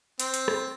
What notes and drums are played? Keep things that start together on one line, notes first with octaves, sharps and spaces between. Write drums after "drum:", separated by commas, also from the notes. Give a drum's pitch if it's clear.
C4, drum: hi-hat
drum: hi-hat
drum: rim click